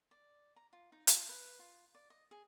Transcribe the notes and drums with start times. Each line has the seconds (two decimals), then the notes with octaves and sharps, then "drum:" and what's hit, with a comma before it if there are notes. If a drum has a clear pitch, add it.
0.11 D5
0.56 A#5
0.73 F4
0.92 D#4
1.07 F4, drum: hi-hat
1.29 B4
1.59 F4
1.95 D5
2.10 D#5
2.31 G#4